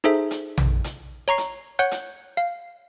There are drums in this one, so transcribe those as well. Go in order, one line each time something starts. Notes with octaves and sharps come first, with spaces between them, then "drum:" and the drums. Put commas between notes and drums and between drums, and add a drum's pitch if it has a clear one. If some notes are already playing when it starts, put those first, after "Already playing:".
D#4 G#4 A4 C5 E5
drum: hi-hat
drum: tom A#1
drum: hi-hat
C#5 A#5 C#6 C7
drum: hi-hat
C#5 F#5 F#6 G6
drum: hi-hat
F5